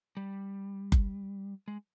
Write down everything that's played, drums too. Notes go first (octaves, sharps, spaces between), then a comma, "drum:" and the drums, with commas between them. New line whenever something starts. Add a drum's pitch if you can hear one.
G3
drum: kick F#1
G#3